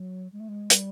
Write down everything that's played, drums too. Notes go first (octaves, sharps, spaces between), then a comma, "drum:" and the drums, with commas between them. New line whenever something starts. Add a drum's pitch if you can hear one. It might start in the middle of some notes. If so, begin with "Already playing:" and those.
Already playing: F#3
G#3
A3
G#3
G3, drum: hi-hat